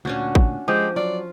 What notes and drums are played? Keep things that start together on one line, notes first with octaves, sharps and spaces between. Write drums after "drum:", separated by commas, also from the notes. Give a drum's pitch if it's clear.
D2 A#2 C#4 D4 F#4
drum: kick
F3 G#3 G4
F#3 F4 D5